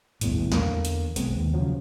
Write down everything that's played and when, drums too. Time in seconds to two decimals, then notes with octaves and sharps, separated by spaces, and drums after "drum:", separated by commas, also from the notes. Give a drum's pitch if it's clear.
0.21 D#1 A1 E2, drum: hi-hat
0.52 E2 D3 A#3, drum: snare
0.85 drum: hi-hat
1.16 B1 G#3 B3 C4, drum: hi-hat
1.35 D#2
1.53 C#3 F3 F#3